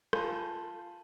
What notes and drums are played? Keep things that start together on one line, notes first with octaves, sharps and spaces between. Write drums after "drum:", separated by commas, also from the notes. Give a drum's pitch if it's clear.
F4 F5 G#5 A5 B5, drum: rim click